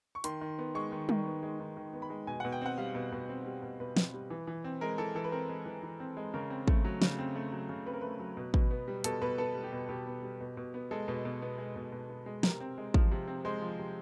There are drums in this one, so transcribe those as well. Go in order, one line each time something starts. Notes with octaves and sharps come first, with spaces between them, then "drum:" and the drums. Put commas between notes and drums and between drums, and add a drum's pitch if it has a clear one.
C#6
D#3 C6, drum: hi-hat
D#3
B3
G#3 C#6
D#3
D#3, drum: tom G3
B3
G#3
D#3
D#3
B3
B5
G#3
B2 G#5
B2 F#5
G5
C4 F#5
G3 F5
B2
B2
C4
G3
B2
B2 B4
C4, drum: snare
G3
E3
E3
C4
G#3 A#4
E3 A4
E3 A4
B4
C4 A#4
G#3
E3
E3
C4
G#3
C#3 A#4
C4
A3, drum: kick
F#3
C#3, drum: snare
C4
A3
F#3
C#3
C4 B4
A#4
A3 B4
F#3
B2
B2, drum: kick
B3
G3
B2 A4, drum: hi-hat
B2 B4
B3 A4
G3
G4
B2
B2 G4
B3
G3
B2
B2
B3
G#3 A4
B2
B2
B3
G#3
B2
B2
B3
G#3
C3 A#4, drum: snare
C4
G#3
F3, drum: kick
C3
C4
G#3 C5
F3
C3